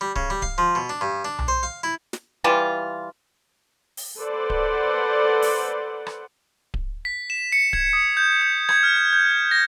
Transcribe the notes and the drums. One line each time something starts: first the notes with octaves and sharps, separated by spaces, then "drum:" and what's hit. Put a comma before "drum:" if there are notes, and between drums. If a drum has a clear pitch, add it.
G3
C#3, drum: kick D1
G3
F5, drum: kick D1
F3
B2
D4
G2
D4
drum: tom B1
C5
F5
E4
drum: snare
E3 G3 F4
drum: open hi-hat
A4 B4 C5 D5 F#5
drum: kick D1
drum: open hi-hat
drum: rim click
drum: kick D1
B6
E7
C#7
G#6, drum: kick D1
D#6
G6
G6
G#6, drum: rim click
F6
G6
G6
A#6